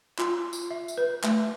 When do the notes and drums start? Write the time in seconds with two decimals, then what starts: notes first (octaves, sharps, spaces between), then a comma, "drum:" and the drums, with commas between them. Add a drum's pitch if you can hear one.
0.19 F4, drum: clap
0.53 drum: tambourine
0.71 E5
0.88 drum: tambourine
0.97 B4
1.24 A3, drum: clap